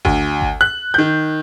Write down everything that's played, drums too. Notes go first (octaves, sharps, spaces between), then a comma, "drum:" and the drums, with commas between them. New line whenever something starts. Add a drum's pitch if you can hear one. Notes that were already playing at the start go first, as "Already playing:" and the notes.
D2, drum: kick G#1
drum: kick G#1
F#6
D#3 G6